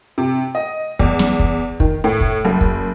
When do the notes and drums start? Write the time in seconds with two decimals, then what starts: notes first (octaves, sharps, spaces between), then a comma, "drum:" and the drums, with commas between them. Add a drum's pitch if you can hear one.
0.18 C3
0.55 D#5
0.99 E2, drum: kick
1.19 drum: snare
1.39 drum: kick
1.80 D#3, drum: kick
2.04 A2
2.20 drum: kick
2.45 F#1
2.61 drum: kick